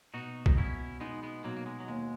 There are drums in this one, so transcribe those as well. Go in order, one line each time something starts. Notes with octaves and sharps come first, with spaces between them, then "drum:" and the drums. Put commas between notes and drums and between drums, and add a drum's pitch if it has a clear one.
B2 D#4 F#4
D#4, drum: kick B1
B2 C#4 E4
G#3 B3 D#4
G#3 B3
B2 F#3 A#3
A#3
G#3
F#3
D#2 G#3